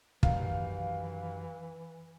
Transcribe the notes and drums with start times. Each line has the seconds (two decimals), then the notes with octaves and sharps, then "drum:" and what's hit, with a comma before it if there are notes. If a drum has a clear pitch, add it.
0.23 F#2 D#3 E3 G3 F5, drum: kick